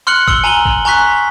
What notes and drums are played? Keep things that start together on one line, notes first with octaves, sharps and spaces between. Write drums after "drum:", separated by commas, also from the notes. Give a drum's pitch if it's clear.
C6 F6 F#6 C#7 F#7
E6 C#7 G7, drum: kick
G#5 A#5 D#7 F#7 G7
drum: kick
G#5 A#5 C#6 F#6 B6